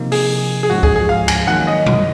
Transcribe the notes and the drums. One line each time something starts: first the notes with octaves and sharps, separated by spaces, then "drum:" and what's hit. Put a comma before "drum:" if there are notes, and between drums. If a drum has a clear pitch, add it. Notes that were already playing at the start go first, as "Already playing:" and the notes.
Already playing: C3 F3 A#3 D#4
G#4, drum: open hi-hat
G#4
G#2 F3 G#3 C#4 F#4
G#4, drum: kick C#2
G#4
F5
G#5, drum: cymbal
D#3 F#3 A#3 D#4 F#5
D#5
drum: tom B2